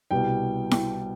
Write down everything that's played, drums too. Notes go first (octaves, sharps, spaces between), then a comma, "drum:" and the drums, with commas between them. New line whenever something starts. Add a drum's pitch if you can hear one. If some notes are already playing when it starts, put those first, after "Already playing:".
C2 B2 G3 G5
G5, drum: snare E4